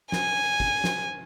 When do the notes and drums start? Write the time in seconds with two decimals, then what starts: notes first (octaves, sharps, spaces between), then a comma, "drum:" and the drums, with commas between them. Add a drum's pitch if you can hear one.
0.12 G#5, drum: snare
0.60 drum: kick
0.84 drum: snare